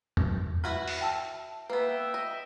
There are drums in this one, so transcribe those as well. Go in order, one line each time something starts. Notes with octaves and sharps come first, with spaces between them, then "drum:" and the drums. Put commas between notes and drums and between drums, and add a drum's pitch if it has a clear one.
drum: tom E2
E4 F#4 B4 F6
drum: open hi-hat
G5 A5 E6
A#3 B3 B4 E5 G5
D#5